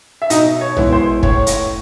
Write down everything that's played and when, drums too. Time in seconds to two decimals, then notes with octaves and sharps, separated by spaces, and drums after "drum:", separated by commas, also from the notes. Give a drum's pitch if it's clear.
0.22 E5
0.30 B2 D#4 D#5, drum: hi-hat
0.61 C#5
0.77 G#3 B3 E4, drum: tom A#1
0.93 C5
1.23 A2 C#5, drum: kick
1.47 drum: hi-hat